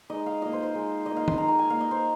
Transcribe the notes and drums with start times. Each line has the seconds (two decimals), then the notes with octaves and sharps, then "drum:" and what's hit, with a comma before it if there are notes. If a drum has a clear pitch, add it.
0.10 G#3 D#4 D#5
0.26 F5
0.42 A#3 F4 D#5
0.53 C5
0.63 C5
0.74 G#3 D#4
1.06 A#3 F4 D#5
1.17 F5
1.28 C6, drum: tom D#3
1.37 G#3 D#4 A#5
1.48 A#5
1.59 G#5
1.70 A#3 F4 F5
1.81 D#5
1.91 C5